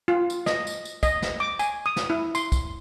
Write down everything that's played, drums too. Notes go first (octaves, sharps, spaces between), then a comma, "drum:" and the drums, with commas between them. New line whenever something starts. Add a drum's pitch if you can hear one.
F4
drum: tambourine
D#5, drum: snare
drum: tambourine
drum: tambourine
D#5, drum: kick, tambourine
drum: snare
D6
G#5, drum: tambourine
D#6
drum: snare
E4
C6, drum: tambourine
drum: kick, tambourine